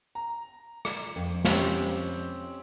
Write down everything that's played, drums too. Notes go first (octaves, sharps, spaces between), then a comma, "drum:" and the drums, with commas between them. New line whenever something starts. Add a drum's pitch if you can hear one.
A#5
drum: rim click
F2
C4 C#4 G4, drum: snare